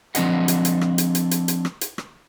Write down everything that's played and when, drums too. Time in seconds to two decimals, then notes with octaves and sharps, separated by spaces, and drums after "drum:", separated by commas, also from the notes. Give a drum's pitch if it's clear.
0.15 F3 C4 D4 D#5 F#5, drum: hi-hat
0.48 drum: hi-hat
0.65 drum: hi-hat
0.81 drum: rim click
0.98 drum: hi-hat
1.15 drum: hi-hat
1.31 drum: hi-hat
1.48 drum: hi-hat
1.65 drum: rim click
1.81 drum: hi-hat
1.98 drum: rim click